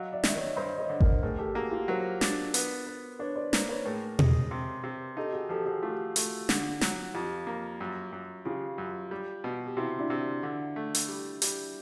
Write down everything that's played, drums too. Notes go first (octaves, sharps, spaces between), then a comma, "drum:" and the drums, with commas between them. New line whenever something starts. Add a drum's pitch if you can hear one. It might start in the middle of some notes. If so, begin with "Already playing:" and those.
Already playing: F#3 D#5 F5
D5 E5
D#3 E5, drum: snare
C#5 D#5
G2 C5 D5
C#5 D#5
D3
A#4 C5, drum: kick G#1
A2 G#4 A#4
G4 A4
A#3 F#4 G#4
F4 G4
F#3 A#4 C5
D4, drum: snare
B3, drum: hi-hat
B3
D4 B4 C#5
C5 D5
A#3, drum: snare
B4 C#5
A2 G#4 A#4
G#3, drum: tom B2
C3
C3
D#4 G4 A4
F#4 G#4
F3 G4 A4
F#4 G#4
A3 F4 G4
A3, drum: hi-hat
D3, drum: snare
F#3, drum: snare
F2 F4 G4
A#3
F#2
F#2
C#3 F4 G4
F#2
G3
B2
G4
C3 E4 F#4
D4 E4
C3
D3
A3
drum: hi-hat
G3
G3, drum: hi-hat